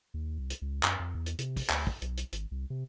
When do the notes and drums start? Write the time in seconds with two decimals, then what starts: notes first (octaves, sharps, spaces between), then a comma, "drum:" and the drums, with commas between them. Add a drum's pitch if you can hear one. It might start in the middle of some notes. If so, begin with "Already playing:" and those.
0.14 D#2
0.38 C2
0.50 drum: hi-hat
0.62 C#2
0.83 F#2, drum: clap
0.99 F2
1.15 E2
1.26 drum: hi-hat
1.39 C3, drum: hi-hat
1.56 drum: kick, open hi-hat
1.70 D2, drum: clap
1.87 drum: kick
2.02 B1, drum: hi-hat
2.17 drum: hi-hat
2.32 G#1, drum: hi-hat
2.51 C2
2.70 C3